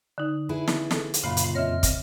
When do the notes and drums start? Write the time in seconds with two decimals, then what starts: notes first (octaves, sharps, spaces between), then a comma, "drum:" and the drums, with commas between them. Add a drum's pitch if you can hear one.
0.18 D3 D#4
0.49 E4 G#4 B4
0.67 drum: snare
0.91 A4, drum: snare
1.14 drum: hi-hat
1.24 F#2 A#2 C#3 F4 F5 B5
1.37 drum: hi-hat
1.55 F2 C#5 D#5 E5 F6
1.83 drum: kick, hi-hat